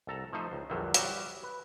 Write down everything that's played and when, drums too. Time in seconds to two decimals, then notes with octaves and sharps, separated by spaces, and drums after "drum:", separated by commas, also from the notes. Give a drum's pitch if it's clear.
0.07 C2 A4 A5 A#5
0.33 F3 A3 D#4 C5
0.52 C#2
0.70 A#1 E2 A#2 D3 F#3 G3
0.94 F#3 G3 F#4, drum: hi-hat
1.43 B4